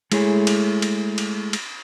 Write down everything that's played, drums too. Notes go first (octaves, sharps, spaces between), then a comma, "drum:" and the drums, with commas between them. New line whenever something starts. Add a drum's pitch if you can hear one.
G#3 A3 E4 G#4 C#5, drum: cymbal
drum: cymbal
drum: cymbal
drum: cymbal
drum: cymbal